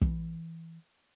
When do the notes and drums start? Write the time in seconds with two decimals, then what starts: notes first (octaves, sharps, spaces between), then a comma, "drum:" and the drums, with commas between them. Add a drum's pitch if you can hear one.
0.01 E3, drum: kick